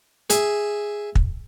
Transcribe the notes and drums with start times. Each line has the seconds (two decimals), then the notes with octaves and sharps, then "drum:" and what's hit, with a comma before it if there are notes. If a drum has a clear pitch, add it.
0.30 G#4 E5, drum: hi-hat
1.15 drum: kick